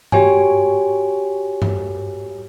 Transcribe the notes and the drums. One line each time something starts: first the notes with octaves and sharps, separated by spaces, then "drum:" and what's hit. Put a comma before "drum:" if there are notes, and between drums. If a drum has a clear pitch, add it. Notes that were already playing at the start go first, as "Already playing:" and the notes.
F#4 G4 C#5 G#5, drum: tom G2
drum: tom G2